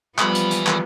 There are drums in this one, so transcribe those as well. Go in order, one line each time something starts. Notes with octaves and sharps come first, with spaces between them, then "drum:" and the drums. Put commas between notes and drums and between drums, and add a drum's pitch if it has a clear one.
E3 F3 G3 B3 B5, drum: clap
drum: hi-hat
drum: hi-hat
drum: clap